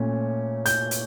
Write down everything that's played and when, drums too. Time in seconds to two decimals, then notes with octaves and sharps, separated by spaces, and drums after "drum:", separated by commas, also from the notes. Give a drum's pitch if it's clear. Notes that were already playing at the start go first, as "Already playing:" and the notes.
Already playing: A#2 A3 C#4
0.66 G6, drum: hi-hat
0.91 drum: hi-hat